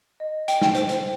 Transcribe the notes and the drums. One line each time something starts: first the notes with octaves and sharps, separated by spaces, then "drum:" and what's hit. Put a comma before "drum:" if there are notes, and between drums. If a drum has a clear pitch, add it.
D#5
G5, drum: hi-hat
drum: snare
C5, drum: hi-hat
drum: hi-hat